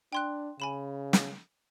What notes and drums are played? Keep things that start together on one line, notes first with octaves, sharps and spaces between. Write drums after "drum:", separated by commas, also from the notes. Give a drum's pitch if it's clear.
D4 G5 C6 F#6
C#3 G#5 B5 E7
drum: snare